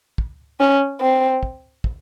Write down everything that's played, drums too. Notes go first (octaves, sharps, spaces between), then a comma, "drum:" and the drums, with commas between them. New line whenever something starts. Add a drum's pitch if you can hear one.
drum: kick
C#4
C4
drum: kick
drum: kick